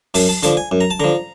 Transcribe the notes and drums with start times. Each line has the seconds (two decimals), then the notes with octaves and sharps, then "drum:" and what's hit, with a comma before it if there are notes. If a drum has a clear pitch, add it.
0.14 F#2 A5, drum: open hi-hat
0.29 A5
0.43 D3 F3 A5, drum: hi-hat
0.57 G#5
0.71 F#2
0.81 A#5
0.90 A5
1.00 D3 F3 A#5